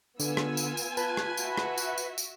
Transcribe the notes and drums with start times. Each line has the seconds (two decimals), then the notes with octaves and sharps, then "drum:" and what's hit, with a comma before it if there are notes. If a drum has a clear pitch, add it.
0.20 D3 B3 F4 G#5 E6, drum: tambourine
0.37 drum: rim click
0.57 drum: tambourine
0.77 drum: tambourine
0.97 B4 A5, drum: tambourine
1.17 drum: rim click
1.37 F#4 E5, drum: tambourine
1.57 drum: rim click
1.78 drum: tambourine
1.98 drum: tambourine
2.18 drum: tambourine